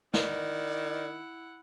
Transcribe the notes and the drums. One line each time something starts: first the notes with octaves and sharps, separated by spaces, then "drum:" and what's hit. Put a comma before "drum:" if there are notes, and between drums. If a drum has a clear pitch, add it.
D#3 E4 D5 F#5, drum: snare